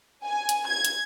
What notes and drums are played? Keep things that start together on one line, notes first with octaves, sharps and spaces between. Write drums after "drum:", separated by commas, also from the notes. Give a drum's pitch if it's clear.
G#5
drum: hi-hat
G#6
drum: hi-hat